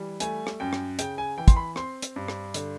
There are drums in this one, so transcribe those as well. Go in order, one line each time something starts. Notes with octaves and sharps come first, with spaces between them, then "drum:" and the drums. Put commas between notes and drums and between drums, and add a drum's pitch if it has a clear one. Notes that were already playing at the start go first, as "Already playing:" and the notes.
Already playing: E3 G3
A3 G#5, drum: hi-hat
drum: rim click
F#2 G5
drum: rim click
C#3 G5, drum: hi-hat
G#5
E3 G5
C6, drum: kick, hi-hat
B5
C4 C6, drum: rim click
drum: hi-hat
G2
drum: rim click
D3, drum: hi-hat